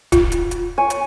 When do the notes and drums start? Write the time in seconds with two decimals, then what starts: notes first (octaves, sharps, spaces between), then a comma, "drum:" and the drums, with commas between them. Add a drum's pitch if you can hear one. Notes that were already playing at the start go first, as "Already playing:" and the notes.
0.12 F4, drum: kick D#1, hi-hat
0.32 drum: hi-hat
0.51 drum: hi-hat
0.78 C#5 G#5
0.90 drum: hi-hat